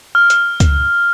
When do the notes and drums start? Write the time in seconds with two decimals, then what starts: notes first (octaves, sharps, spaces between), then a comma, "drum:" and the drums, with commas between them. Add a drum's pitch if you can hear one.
0.15 F6
0.30 drum: hi-hat
0.60 drum: kick C#2, hi-hat